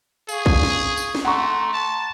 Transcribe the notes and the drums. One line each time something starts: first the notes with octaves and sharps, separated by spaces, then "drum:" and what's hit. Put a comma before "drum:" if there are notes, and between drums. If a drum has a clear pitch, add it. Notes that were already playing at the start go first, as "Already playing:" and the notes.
G#4 F5 C#6, drum: tambourine
drum: kick
drum: snare
drum: tambourine
drum: snare
A3 F#5 A#5 C6 C#6
A5